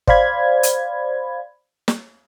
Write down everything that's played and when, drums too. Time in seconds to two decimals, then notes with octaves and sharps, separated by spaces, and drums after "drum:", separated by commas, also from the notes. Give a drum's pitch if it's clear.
0.07 C5 D5 F5 B5 G#6, drum: kick
0.63 drum: hi-hat
1.88 drum: snare